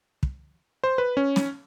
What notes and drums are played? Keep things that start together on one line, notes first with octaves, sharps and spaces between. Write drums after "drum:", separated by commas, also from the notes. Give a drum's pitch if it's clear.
drum: kick
C5
B4
C#4
drum: snare